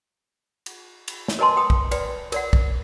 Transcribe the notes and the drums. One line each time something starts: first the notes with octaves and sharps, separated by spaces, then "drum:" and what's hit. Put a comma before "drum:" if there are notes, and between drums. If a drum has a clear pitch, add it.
drum: cymbal
drum: cymbal
drum: snare
A#4 B4 D#5 G#5 A5 C6
G5 D#6
drum: kick B1
B4 D5 G5, drum: cymbal
A#4 D5 F#5, drum: cymbal
drum: kick B1